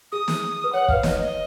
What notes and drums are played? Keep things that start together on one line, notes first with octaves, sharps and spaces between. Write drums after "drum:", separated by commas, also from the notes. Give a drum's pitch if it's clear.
G#4 D#6
drum: snare
B4
C#5 F#5
C#5
B4 F5, drum: kick
D#5, drum: snare
D#5